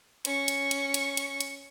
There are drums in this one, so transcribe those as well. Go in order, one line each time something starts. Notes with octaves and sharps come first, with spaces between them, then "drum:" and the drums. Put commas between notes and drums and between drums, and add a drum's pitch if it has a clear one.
C#4 C#6, drum: hi-hat
drum: hi-hat
drum: hi-hat
drum: hi-hat
drum: hi-hat
drum: hi-hat